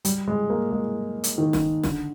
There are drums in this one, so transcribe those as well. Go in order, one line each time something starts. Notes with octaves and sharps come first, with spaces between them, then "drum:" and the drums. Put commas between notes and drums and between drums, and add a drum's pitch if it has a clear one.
G3, drum: hi-hat
G#3
A#3
G#3
drum: hi-hat
D#3
drum: snare
D3, drum: snare